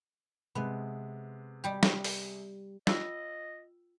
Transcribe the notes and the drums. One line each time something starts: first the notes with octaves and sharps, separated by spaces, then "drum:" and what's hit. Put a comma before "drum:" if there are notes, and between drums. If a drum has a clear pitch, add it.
C3 G#3 B3
G3 G4
drum: snare
drum: open hi-hat
F4 D#5 G5 E6, drum: snare